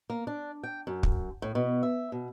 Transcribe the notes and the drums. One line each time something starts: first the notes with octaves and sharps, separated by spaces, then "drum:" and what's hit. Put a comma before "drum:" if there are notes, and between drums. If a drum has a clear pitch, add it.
A#3
D4
G5
F#2
drum: kick
A2
B2
E5
B2